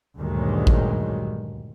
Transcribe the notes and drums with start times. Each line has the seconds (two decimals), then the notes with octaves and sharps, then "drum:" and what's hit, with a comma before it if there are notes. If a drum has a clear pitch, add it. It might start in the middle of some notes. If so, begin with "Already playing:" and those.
0.17 D2 G2 A#2 D#3 F#3 G#3
0.67 drum: kick A1